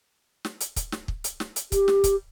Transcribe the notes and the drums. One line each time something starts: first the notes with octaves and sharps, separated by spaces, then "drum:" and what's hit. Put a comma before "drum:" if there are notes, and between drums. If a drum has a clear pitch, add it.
drum: snare
drum: hi-hat
drum: kick, hi-hat
drum: snare
drum: kick
drum: hi-hat
drum: snare
drum: hi-hat
G4, drum: kick, hi-hat
drum: snare
drum: kick, hi-hat